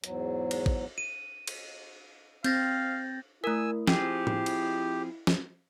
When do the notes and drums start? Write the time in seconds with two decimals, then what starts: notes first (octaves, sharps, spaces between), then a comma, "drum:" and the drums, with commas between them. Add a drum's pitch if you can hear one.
0.04 E2 G#2 F#3, drum: hi-hat
0.51 drum: cymbal
0.66 drum: kick
0.98 D#7
1.48 drum: cymbal
2.44 C4 F5 G6 A6 A#6, drum: cymbal
3.44 A3 E4 A#4 G#5 E6
3.87 F3 C4 G4 G#4 G5, drum: snare
4.27 drum: tom A2
4.46 drum: cymbal
5.27 drum: snare